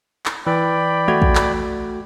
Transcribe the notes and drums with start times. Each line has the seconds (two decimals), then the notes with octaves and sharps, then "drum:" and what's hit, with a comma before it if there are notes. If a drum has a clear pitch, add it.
0.26 drum: clap
0.47 E3 D5 G5 B5
1.08 A3 F#4 G#6, drum: tom D#3
1.22 drum: kick
1.35 drum: clap